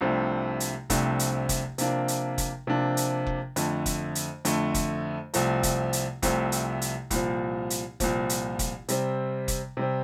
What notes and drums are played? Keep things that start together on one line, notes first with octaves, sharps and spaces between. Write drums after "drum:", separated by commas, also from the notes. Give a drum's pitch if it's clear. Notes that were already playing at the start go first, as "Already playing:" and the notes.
C2 C3 F3 A3 D4
drum: hi-hat
C2 C3 F3 A3 D4, drum: kick F1, hi-hat
drum: hi-hat
drum: kick F1, hi-hat
C3 F3 A#3 D4, drum: hi-hat
drum: hi-hat
drum: kick F1, hi-hat
C3 F3 A#3 D4
drum: hi-hat
drum: kick F1
F2 D3 A3, drum: hi-hat
drum: kick F1, hi-hat
drum: hi-hat
F2 D3 A3, drum: hi-hat
drum: kick F1, hi-hat
C2 C3 F3 A3, drum: hi-hat
drum: kick F1, hi-hat
drum: hi-hat
C2 C3 F3 A3, drum: kick F1, hi-hat
drum: hi-hat
drum: hi-hat
C2 A#2 F3, drum: kick F1, hi-hat
drum: hi-hat
C2 A#2 F3, drum: kick F1, hi-hat
drum: hi-hat
drum: kick F1, hi-hat
C3 G3 C4, drum: hi-hat
drum: kick F1, hi-hat
C3 G3 C4